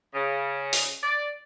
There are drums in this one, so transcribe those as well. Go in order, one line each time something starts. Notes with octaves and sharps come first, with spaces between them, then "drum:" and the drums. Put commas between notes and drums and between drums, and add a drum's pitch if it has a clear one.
C#3
drum: open hi-hat
D5